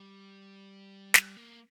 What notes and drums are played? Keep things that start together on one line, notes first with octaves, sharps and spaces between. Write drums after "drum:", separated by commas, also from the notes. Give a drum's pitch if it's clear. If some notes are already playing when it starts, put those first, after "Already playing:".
Already playing: G3
drum: snare
A#3